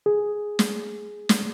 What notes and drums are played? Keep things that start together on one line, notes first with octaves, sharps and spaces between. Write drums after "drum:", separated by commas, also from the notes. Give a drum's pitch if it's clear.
G#4
drum: snare
drum: snare